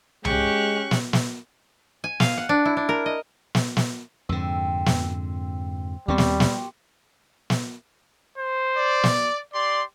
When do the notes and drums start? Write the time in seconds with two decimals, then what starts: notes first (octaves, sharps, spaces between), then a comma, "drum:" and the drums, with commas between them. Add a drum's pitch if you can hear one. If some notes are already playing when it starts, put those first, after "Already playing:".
0.25 G#3 C#4 G4 C#6 F#6, drum: tom C2
0.91 drum: snare
1.13 drum: snare
2.04 G#5
2.20 F5, drum: snare
2.38 F#5
2.49 D4
2.65 E4
2.77 D4
2.89 A#4
3.06 D#5
3.55 drum: snare
3.77 drum: snare
4.29 F2 G#2 D3 C4 E6
4.86 drum: snare
6.08 D#2 G3 B3 C4 G4 C6 C#6
6.18 drum: snare
6.40 drum: snare
7.50 drum: snare
8.38 C5
8.76 D5
9.04 drum: snare
9.54 G4 D5 C6